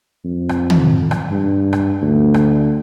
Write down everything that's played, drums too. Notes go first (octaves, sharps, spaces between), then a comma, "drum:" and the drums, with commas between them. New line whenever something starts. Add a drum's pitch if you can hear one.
F2
drum: rim click
drum: tom
drum: rim click
G2
drum: rim click
D2
drum: rim click